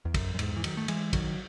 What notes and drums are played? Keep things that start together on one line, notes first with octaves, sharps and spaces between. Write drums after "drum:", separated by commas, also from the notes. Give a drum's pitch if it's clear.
E2
F#2, drum: kick, cymbal
F#2
E2 G#2, drum: cymbal
E3
D#3 F#3, drum: cymbal
A3
E3 G#3, drum: cymbal
D#3 F#3, drum: kick, cymbal